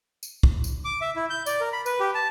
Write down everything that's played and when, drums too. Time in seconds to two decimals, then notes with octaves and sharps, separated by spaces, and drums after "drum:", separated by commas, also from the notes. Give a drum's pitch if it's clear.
0.23 drum: tambourine
0.43 drum: kick
0.64 drum: tambourine
0.85 D6
1.01 E5
1.16 E4
1.30 G6
1.46 D5, drum: tambourine
1.61 A#4
1.73 B5
1.86 B4, drum: tambourine
2.00 G4
2.15 A5